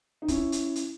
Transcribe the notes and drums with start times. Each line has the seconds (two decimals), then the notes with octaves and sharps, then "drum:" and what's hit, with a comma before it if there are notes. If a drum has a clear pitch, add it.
0.22 D#4
0.28 C#4 E4, drum: kick, hi-hat
0.52 drum: hi-hat
0.76 drum: hi-hat